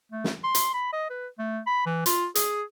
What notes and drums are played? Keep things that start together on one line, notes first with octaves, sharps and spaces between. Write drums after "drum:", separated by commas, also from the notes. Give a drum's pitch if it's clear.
A3
drum: snare
C6
drum: hi-hat
B5
D#5
B4
A3
B5
E3
F4, drum: hi-hat
G#4, drum: hi-hat